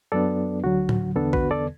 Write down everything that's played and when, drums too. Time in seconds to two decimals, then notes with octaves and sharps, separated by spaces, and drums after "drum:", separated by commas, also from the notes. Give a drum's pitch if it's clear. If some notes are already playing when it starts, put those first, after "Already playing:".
0.12 F#2 F#3 B3 D4 A4 D5
0.64 D2 D3 F#3 F#4
0.89 drum: tom A2
1.16 E2 D3 B3 D4 A4
1.33 F#4 B4, drum: kick
1.51 A4 D5